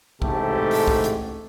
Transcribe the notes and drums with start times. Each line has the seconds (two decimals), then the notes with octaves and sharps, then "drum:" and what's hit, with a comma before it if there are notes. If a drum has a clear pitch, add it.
0.22 A1 G#2 C3 A3 G4 A4, drum: kick C2
0.71 drum: open hi-hat
0.88 drum: kick C2
1.04 drum: hi-hat